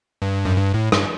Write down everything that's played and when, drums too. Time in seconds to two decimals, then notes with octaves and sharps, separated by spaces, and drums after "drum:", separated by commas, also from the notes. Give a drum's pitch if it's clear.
0.22 G2
0.45 F#2
0.57 G2
0.74 A2
0.92 G2, drum: rim click